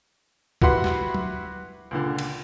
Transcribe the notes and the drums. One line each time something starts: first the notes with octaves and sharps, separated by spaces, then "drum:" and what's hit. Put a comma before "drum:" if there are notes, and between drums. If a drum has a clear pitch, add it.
E4 F#4 G4 B4 F#5 C6, drum: kick
drum: snare
drum: tom
C#2 A#2 D3
drum: cymbal